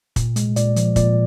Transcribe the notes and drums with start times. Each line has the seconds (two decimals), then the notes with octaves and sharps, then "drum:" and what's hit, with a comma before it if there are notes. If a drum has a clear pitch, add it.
0.16 A#2, drum: kick, hi-hat
0.36 G#3, drum: hi-hat
0.56 A#2 D5, drum: hi-hat
0.76 F3, drum: hi-hat
0.96 A#2 D5, drum: kick, hi-hat